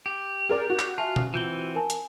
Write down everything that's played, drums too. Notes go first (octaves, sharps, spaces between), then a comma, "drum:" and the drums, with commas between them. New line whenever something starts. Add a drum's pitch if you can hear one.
G4
G#4 A#4 D5
F#4
drum: clap
F4 E5 G#5 A5
drum: tom B2
E3 C4 F4 G6 G7
A#4 G#5 A5
drum: hi-hat